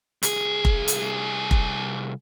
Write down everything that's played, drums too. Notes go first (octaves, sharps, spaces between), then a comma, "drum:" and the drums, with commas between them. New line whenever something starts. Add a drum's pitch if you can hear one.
C2 G#4, drum: hi-hat
drum: kick F1
drum: hi-hat
drum: kick F1